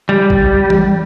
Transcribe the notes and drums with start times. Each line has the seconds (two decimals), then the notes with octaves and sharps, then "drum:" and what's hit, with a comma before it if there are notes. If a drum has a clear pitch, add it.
0.09 G3
0.30 drum: kick A1
0.70 drum: tom E3